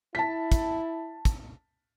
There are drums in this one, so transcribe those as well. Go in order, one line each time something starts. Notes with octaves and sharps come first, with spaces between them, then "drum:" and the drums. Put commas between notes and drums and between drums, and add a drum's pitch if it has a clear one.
E4 A5 B6
drum: kick, hi-hat
drum: kick, hi-hat